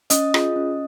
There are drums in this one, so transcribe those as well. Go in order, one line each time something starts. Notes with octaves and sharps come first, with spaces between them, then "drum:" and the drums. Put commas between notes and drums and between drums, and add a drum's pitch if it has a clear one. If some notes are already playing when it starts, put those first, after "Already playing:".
C#4 D#5 D#6, drum: hi-hat
F4 G#4, drum: rim click
C#4